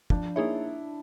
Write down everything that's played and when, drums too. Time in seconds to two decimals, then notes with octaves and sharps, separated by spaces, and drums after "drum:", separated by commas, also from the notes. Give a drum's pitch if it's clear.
0.10 F3 D4, drum: kick
0.36 A#3 D#4 E4 G#4 C#5